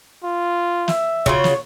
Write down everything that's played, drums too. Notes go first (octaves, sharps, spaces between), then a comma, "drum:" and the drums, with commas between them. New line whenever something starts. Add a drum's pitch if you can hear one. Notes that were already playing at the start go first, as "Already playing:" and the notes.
F4
E5, drum: snare
C#3 F4 F#4 C#5, drum: kick
drum: snare